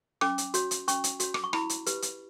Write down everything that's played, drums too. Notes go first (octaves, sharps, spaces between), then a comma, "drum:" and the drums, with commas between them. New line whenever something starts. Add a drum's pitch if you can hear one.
C#4 D6, drum: rim click
drum: hi-hat
F#4 C#5, drum: hi-hat
drum: hi-hat
C#4 C#6, drum: hi-hat
drum: hi-hat
F#4 C#5, drum: hi-hat
D6, drum: rim click
C#6
E4 B5, drum: rim click
drum: hi-hat
G4 B4, drum: hi-hat
drum: hi-hat